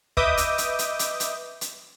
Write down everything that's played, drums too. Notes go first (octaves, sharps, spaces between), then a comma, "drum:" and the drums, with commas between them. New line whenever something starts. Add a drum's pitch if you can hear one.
B4 D#5 E5 D6 D#6 G6, drum: kick
drum: hi-hat
drum: hi-hat
drum: hi-hat
drum: hi-hat
drum: hi-hat
drum: hi-hat